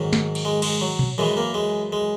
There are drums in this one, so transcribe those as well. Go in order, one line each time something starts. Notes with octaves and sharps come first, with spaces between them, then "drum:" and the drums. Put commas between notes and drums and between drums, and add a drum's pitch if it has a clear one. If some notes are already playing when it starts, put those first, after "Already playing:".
Already playing: G#2 D#3 F#3
drum: snare
drum: cymbal
G#3
G#3, drum: cymbal
F#3
drum: tom A#2
F#2 E3 G#3
A#3
G#3
G#3